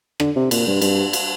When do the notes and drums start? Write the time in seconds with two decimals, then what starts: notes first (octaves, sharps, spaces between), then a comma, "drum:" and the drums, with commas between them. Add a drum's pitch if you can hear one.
0.20 D3, drum: rim click
0.36 C3
0.51 A#2, drum: cymbal
0.67 G2
0.82 G2, drum: cymbal
1.13 drum: cymbal